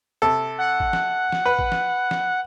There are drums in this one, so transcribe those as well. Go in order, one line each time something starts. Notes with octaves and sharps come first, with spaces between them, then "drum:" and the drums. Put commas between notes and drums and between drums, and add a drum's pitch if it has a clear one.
C3 A4
F#5
drum: kick
drum: snare
drum: snare
B4
drum: kick
drum: snare
drum: snare